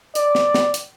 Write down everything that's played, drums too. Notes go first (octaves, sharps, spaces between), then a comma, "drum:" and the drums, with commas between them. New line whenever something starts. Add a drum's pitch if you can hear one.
D5, drum: hi-hat
drum: snare
drum: snare
drum: hi-hat